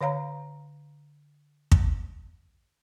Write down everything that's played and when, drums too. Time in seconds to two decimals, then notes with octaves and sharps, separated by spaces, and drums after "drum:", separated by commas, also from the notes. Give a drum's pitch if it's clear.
0.01 D3 C#5 F5 A#5
1.71 drum: kick